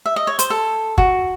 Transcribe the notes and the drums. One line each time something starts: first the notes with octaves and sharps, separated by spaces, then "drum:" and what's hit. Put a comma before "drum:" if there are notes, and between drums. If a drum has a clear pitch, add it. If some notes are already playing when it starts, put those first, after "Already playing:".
E5
D#5
C#5
C5, drum: hi-hat
A4
F#4, drum: kick